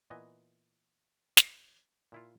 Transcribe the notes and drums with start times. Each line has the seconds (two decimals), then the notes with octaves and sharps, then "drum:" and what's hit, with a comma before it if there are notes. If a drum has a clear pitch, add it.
0.10 A#2 E3 B3 D#5 G#5
1.37 drum: snare
2.12 A#2 E4 F4